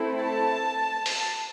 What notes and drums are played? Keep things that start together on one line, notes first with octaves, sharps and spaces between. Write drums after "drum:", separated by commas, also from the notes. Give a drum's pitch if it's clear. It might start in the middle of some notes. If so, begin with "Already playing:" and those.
Already playing: A3 C4 E4
A5
drum: open hi-hat